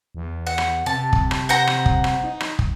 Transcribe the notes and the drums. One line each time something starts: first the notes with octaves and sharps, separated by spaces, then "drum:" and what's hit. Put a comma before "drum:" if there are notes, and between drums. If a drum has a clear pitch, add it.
E2
F#5
drum: rim click
C3 A5
drum: kick
drum: rim click
C5 F#5 A#5
drum: rim click
drum: kick
drum: rim click
D#4
drum: rim click
drum: kick